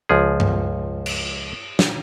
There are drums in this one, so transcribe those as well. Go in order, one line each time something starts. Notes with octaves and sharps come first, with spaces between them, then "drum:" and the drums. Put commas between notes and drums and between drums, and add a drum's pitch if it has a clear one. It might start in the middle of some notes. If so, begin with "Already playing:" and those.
C#2 F3 G#4
drum: tom G2
drum: cymbal
drum: snare